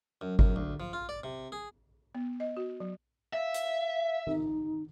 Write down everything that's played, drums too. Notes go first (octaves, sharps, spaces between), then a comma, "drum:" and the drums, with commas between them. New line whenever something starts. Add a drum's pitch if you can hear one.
F#2
F#2, drum: kick G1
D2
F3
F4
D5
C3
G#4
B3
D#5
F#4
F#3
E5 F5
drum: hi-hat
D#4, drum: tom